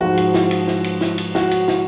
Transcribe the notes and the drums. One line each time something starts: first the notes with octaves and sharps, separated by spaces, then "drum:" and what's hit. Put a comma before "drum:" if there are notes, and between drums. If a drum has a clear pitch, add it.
G#2 F3 F#4
drum: cymbal
drum: snare
drum: cymbal
drum: snare
drum: cymbal
drum: snare
drum: cymbal
F#4, drum: snare
drum: cymbal
drum: snare